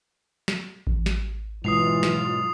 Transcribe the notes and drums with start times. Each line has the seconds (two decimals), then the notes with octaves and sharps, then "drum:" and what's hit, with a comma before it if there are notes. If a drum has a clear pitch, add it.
0.48 drum: snare
0.87 drum: kick A1
1.06 drum: snare
1.64 G#2 B2 E3 F#3 F4 D#6 C7 F7
2.03 drum: snare